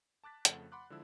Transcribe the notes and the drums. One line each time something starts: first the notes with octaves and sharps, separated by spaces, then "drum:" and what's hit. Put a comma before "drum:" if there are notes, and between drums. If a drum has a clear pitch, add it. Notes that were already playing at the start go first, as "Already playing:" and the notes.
A5 D6 F#6 A6 B6
F2 C#3 A3 A4 F#5, drum: hi-hat
F#5 B5 C6 D6 F#6
D3 F3 G#3 E4 E6